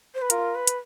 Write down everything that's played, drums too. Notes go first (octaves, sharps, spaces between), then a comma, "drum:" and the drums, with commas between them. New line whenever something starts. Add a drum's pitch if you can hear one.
C5
B4
F4 A#4, drum: hi-hat
B4
drum: hi-hat